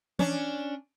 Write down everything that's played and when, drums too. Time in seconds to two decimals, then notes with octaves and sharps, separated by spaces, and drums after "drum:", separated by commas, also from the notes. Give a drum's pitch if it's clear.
0.19 C#4 D4, drum: tom E3